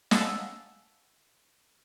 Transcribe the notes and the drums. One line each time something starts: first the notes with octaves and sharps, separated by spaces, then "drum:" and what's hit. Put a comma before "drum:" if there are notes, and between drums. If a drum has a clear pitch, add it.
D#5 F5 F#5 G#5 A5 E6, drum: snare